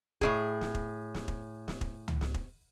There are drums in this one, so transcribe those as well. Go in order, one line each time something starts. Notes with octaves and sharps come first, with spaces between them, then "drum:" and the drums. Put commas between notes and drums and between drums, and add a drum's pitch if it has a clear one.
A2 D#3 G#4, drum: kick
drum: snare
drum: kick
drum: snare
drum: kick
drum: snare
drum: kick
drum: tom C#2
drum: snare
drum: kick